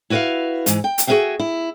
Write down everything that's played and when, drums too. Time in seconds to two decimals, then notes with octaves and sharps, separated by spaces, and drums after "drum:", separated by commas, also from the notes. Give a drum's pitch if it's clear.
0.10 E4 F#4 B4 C5 E5 F5
0.66 G#2 E3, drum: hi-hat
0.84 G5
0.98 drum: hi-hat
1.07 F#4 G#4 A#4 C5 E5 G5
1.39 E4